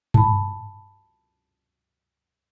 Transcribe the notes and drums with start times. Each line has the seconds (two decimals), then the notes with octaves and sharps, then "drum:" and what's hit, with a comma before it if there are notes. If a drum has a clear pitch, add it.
0.14 A5 B5, drum: tom G2